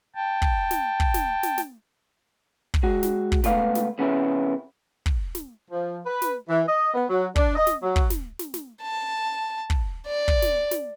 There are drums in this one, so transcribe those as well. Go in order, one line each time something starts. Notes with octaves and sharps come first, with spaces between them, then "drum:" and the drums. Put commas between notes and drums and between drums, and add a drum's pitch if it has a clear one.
G5 A5
drum: kick
drum: snare
drum: kick
drum: snare
drum: snare
drum: snare
drum: kick
G#3 F#4
drum: snare
drum: kick
C#2 A3 B3 D5 F5, drum: snare
drum: snare
F2 C#3 B3 C#4 E4
drum: kick
drum: snare
F3
B4
drum: snare
E3
D#5
B3
F#3
D4, drum: kick
D#5
drum: snare
F#3
drum: kick
drum: snare
drum: snare
drum: snare
A5
drum: kick
D5
drum: kick
drum: snare
drum: snare